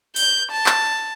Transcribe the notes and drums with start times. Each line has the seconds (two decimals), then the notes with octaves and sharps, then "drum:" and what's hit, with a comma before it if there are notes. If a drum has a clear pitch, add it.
0.16 G6, drum: open hi-hat
0.51 A5
0.66 drum: clap